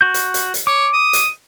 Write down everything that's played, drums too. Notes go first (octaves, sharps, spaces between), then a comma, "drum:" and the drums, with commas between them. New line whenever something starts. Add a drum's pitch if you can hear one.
F#4 G6
drum: hi-hat
drum: hi-hat
drum: hi-hat
C#5 D6
D#6
drum: hi-hat